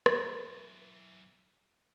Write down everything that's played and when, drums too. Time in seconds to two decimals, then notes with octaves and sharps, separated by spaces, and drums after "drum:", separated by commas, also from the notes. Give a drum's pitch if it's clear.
0.06 B1 E3, drum: rim click